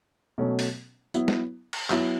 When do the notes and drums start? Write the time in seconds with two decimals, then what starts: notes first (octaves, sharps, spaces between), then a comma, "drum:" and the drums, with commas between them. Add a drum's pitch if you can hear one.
0.38 B2 F#3 A3 C#4
0.59 drum: open hi-hat
1.14 F#3 B3 E4, drum: tambourine
1.28 drum: snare
1.73 drum: cymbal
1.90 F#3 B3 E4, drum: clap